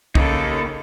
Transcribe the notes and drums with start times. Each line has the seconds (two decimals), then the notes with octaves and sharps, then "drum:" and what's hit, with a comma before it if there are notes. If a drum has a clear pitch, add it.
0.15 C#3 A#3 D#4 A4, drum: kick